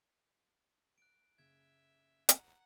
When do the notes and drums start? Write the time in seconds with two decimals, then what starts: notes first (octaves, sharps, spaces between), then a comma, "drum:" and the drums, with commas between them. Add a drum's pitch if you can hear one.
0.98 F#6 D7
1.38 F#1 C#3 E5 G#6
2.29 F#5 A#5, drum: hi-hat